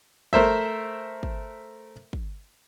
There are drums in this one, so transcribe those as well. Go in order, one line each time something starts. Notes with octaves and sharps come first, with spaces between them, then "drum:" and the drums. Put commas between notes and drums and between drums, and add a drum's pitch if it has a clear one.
A3 A#4 C5 E5, drum: kick
drum: kick
drum: kick